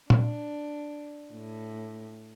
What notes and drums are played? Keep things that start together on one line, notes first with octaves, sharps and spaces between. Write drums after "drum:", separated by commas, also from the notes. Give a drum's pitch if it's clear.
D4, drum: tom
A2